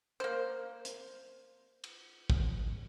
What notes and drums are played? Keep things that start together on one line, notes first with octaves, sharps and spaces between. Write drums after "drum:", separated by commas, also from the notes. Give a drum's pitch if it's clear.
A#3 C5
drum: hi-hat
drum: cymbal
drum: kick